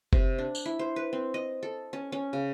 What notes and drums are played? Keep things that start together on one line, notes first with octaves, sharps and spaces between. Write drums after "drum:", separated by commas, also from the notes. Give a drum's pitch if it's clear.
C3, drum: kick F#1
D4
drum: tambourine
E4
C5
B4
C4
D#5
A4
C#4
C#4
C#3